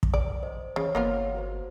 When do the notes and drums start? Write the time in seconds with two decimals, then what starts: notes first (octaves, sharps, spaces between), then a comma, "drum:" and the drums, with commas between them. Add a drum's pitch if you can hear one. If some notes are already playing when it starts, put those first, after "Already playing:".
0.03 drum: kick
0.14 B1 D5
0.43 C5 D#5
0.76 C#3 E3 C#5
0.95 G1 A#3 B3 F4
1.35 F#4 A#4 C5